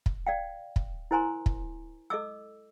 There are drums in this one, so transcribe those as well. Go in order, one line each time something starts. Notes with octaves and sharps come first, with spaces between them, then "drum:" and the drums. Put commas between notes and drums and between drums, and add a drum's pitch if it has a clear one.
drum: kick
D5 F5 G5
drum: kick
E4 A#4 C5 G#5 A#5 C6
drum: kick
A4 D#5 D6 E6